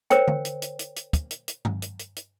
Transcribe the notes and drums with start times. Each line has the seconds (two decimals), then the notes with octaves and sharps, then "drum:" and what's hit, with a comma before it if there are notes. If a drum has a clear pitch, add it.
0.10 A#4 C5 C#5 G5, drum: hi-hat
0.28 drum: tom D3
0.45 drum: hi-hat
0.62 drum: hi-hat
0.79 drum: hi-hat
0.96 drum: hi-hat
1.13 drum: kick, hi-hat
1.31 drum: hi-hat
1.48 drum: hi-hat
1.65 drum: tom G2
1.82 drum: hi-hat
1.99 drum: hi-hat
2.16 drum: hi-hat